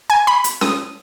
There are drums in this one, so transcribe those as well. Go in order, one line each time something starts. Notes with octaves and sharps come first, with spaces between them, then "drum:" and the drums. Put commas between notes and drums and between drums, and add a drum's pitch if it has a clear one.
G#5
B5
drum: hi-hat
D#6, drum: snare C#4